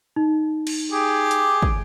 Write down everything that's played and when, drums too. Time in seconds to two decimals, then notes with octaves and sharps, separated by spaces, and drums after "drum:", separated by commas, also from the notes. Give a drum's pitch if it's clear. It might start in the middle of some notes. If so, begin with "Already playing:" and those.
0.16 D#4
0.67 drum: cymbal
0.92 G4 G#4
1.31 drum: hi-hat
1.62 drum: kick